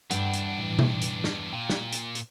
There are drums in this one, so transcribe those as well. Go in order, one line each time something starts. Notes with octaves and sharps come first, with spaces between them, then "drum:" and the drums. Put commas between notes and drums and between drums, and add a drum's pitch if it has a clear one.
E2 G2 D4 F#5 G5, drum: hi-hat
drum: hi-hat
A2 E3
drum: tom B2
drum: hi-hat
drum: snare
A#2 F5 G5
drum: snare
drum: hi-hat
drum: hi-hat